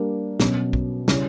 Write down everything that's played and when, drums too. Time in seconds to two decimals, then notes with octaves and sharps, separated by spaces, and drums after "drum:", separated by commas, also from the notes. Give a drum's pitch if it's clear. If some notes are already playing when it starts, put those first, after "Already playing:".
Already playing: G3 A#3 D4 G4 A#4
0.40 B2 F#3 C#4, drum: snare
0.73 drum: kick
1.08 C#3 G3 C#4 E4, drum: snare